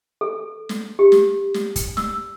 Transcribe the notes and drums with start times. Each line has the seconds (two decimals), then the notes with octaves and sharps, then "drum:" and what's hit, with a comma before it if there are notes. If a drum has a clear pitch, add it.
0.21 A4
0.69 drum: snare
0.99 G4
1.12 drum: snare
1.54 drum: snare
1.76 drum: kick, hi-hat
1.97 E6, drum: snare